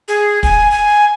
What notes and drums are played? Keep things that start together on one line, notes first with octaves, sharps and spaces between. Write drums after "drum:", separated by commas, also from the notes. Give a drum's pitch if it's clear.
G#4
G#5, drum: kick
G#5